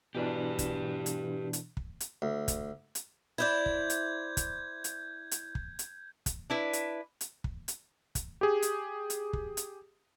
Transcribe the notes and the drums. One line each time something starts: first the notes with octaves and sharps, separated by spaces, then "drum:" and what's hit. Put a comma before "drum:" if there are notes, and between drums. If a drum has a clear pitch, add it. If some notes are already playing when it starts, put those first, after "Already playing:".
B2 E3 D4 G4 B4
drum: kick, hi-hat
drum: hi-hat
drum: hi-hat
drum: kick
drum: hi-hat
D2
drum: kick, hi-hat
drum: hi-hat
E4 C5 D5 G6 G#6
drum: kick
drum: hi-hat
drum: kick, hi-hat
drum: hi-hat
drum: hi-hat
drum: kick
drum: hi-hat
drum: kick, hi-hat
D4 E4 B4
drum: hi-hat
drum: hi-hat
drum: kick
drum: hi-hat
drum: kick, hi-hat
G4 G#4
drum: hi-hat
drum: hi-hat
drum: kick
drum: hi-hat